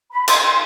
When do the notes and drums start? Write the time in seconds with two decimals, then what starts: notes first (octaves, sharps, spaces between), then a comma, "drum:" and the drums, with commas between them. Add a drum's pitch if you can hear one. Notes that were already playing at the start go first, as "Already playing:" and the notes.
0.11 B5
0.28 C6, drum: cymbal
0.43 C6